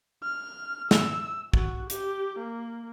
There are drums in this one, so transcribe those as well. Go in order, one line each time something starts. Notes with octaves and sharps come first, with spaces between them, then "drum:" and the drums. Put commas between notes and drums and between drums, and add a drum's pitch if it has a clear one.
F6
E6, drum: snare
F#4, drum: kick
G4, drum: hi-hat
A#3